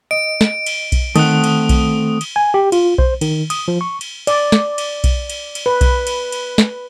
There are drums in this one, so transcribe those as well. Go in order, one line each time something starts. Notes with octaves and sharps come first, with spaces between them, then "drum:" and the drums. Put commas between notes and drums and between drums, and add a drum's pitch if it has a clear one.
D#5 D7
drum: snare
drum: cymbal
drum: kick B1, cymbal
D#3 A3 C4 F#5 D#6, drum: cymbal
drum: cymbal
drum: kick B1, cymbal
drum: cymbal
G#5
G4
F4, drum: cymbal
C5, drum: kick B1
D#3, drum: cymbal
D#6, drum: cymbal
F3
C#6
drum: cymbal
D5, drum: cymbal
drum: snare
drum: cymbal
drum: kick B1, cymbal
drum: cymbal
drum: cymbal
B4
drum: kick B1, cymbal
drum: cymbal
drum: cymbal
drum: snare